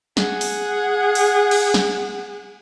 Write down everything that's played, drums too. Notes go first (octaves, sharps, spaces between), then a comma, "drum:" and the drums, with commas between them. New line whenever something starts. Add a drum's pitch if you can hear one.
G#4 F#5, drum: snare
drum: open hi-hat
drum: open hi-hat
drum: cymbal
drum: snare